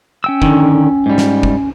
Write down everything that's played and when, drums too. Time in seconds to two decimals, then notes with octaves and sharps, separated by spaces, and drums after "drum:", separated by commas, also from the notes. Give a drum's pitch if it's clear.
0.24 C#4 G5 E6
0.42 D3 D#3, drum: kick
1.06 G#2 G3
1.18 drum: snare
1.43 drum: kick